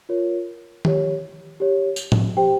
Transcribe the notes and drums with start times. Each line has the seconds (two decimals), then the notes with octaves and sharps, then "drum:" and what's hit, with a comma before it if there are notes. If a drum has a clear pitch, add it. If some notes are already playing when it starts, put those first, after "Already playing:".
0.09 F4 A#4 C#5
0.85 G4 C#5, drum: tom D#3
1.60 G4 C#5
1.96 drum: tambourine
2.12 drum: tom A2
2.37 G4 C5 G5